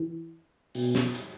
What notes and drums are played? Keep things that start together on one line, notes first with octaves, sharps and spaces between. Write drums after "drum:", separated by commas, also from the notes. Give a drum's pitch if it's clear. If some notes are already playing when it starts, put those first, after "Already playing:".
Already playing: E3
B2, drum: open hi-hat
drum: snare
drum: hi-hat